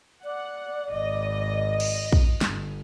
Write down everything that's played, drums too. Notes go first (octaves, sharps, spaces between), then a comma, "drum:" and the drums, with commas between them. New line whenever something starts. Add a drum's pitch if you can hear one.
D5 F#5
G#1 D#5
drum: cymbal
drum: kick
G1, drum: snare